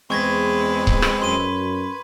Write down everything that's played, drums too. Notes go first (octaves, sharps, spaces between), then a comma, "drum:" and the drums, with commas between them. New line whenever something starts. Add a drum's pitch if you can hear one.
E2 G#3 C4 B4 C#6 G#6 A#6
drum: kick C#1
drum: rim click
F#2 C6 D#7